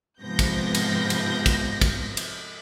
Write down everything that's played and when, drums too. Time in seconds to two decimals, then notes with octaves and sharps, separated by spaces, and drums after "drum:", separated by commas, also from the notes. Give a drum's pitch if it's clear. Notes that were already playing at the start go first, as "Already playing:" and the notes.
0.21 G#2 C3 F3 B3 G6 A#6
0.39 drum: kick, cymbal
0.75 drum: cymbal
1.10 drum: cymbal
1.46 drum: kick, cymbal
1.81 drum: kick, cymbal
2.17 drum: cymbal